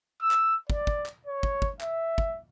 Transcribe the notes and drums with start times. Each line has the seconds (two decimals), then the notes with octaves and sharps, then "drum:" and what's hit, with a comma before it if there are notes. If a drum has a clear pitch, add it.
0.22 E6
0.31 drum: clap
0.70 D5, drum: kick
0.87 drum: kick
1.06 drum: clap
1.27 C#5
1.43 drum: kick
1.62 drum: kick
1.81 E5, drum: clap
2.18 drum: kick